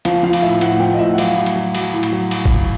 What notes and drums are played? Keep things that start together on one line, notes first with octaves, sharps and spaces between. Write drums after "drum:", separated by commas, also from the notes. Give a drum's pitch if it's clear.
F3 F5, drum: cymbal
F3 F5
drum: cymbal
A2 E5
A2 F#5, drum: cymbal
F3 G5
D#5
A2 E5
F#5
F#3 F5, drum: cymbal
F#3
drum: cymbal
F#3
F#3, drum: cymbal
A2
drum: cymbal
F#3
drum: cymbal
drum: kick G1